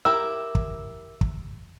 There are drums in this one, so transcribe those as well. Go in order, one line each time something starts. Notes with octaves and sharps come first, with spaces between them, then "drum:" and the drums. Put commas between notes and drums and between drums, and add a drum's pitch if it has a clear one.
E4 G4 A#4 E6
drum: kick
drum: kick